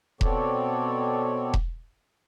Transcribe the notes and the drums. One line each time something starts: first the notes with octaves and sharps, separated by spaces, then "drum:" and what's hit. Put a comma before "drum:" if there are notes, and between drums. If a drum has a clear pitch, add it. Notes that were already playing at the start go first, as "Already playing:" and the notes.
B2 B3 C4 A4 C#5 D5, drum: kick E1
drum: kick E1